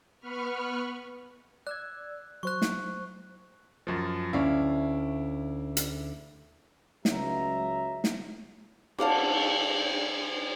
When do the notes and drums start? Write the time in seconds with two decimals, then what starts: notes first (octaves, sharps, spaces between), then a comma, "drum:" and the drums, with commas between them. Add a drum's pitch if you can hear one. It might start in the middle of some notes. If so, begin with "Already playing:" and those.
0.20 B3 B4 B5 C#6 F6
1.67 D5 E6 F#6 G#6
2.43 F#3 C5 C#6 F#6
2.62 drum: snare
3.87 F#2 F3
4.33 D2 C#4 E4 D5 F5
5.77 drum: hi-hat
7.05 C#2 F#3 E5 A#5, drum: snare
8.04 drum: snare
8.98 A4 F5 F#5 D6, drum: cymbal